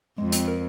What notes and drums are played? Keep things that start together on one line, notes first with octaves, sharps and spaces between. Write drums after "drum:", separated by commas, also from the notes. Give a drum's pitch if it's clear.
F2 G#3
C4, drum: hi-hat
A#4